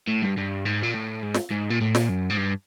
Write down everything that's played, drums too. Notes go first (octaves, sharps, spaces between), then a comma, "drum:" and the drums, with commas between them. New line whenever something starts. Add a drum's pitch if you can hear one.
A2
G2
G2
G#2
A#2
A2
G#2
drum: snare
G#2
A#2
A2
A#2, drum: snare
F#2
G#2
G2